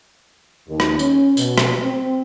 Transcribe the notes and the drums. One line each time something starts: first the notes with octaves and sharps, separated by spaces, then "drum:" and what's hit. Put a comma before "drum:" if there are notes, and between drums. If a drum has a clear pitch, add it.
D#2
drum: rim click
C#4, drum: tambourine
B2, drum: tambourine
drum: rim click
C4